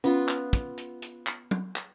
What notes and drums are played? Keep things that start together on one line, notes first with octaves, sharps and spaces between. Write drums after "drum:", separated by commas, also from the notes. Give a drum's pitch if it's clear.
B3 C#4 F4
drum: clap
drum: kick, hi-hat
drum: hi-hat
drum: hi-hat
drum: clap
drum: tom
drum: clap